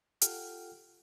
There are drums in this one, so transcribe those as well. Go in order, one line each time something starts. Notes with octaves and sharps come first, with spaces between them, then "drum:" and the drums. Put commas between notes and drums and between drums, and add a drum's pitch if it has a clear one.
F4 G4 A4 F#5 G5 F6, drum: hi-hat